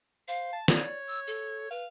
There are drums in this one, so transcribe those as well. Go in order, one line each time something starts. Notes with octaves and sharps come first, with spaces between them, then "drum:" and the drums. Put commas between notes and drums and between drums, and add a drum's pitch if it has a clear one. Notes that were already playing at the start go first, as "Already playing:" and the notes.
C5 F5
A5
C#5 D5, drum: snare
E6
A4
B4 F5